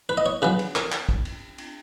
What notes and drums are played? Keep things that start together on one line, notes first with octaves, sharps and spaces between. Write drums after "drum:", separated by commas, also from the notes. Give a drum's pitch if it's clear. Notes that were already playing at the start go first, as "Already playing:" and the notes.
B4
D#5
C#5
C#3 F#3 B4
drum: cymbal
A#4, drum: clap
drum: clap
drum: kick
drum: cymbal
drum: cymbal